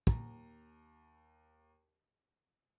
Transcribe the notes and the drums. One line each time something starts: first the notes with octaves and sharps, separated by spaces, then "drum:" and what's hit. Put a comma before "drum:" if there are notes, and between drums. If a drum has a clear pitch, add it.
D#2 A#5, drum: kick